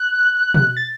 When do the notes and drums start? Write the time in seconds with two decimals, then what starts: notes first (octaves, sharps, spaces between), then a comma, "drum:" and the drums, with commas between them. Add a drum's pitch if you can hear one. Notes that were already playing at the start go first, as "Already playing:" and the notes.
Already playing: F#6
0.54 drum: tom B2
0.77 A6